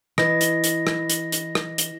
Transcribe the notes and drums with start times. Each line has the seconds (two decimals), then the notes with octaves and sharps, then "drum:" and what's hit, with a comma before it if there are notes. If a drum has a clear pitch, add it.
0.18 E3 D#5 A#6, drum: rim click
0.41 drum: hi-hat
0.64 drum: hi-hat
0.87 drum: rim click
1.10 drum: hi-hat
1.32 drum: hi-hat
1.55 drum: rim click
1.78 drum: hi-hat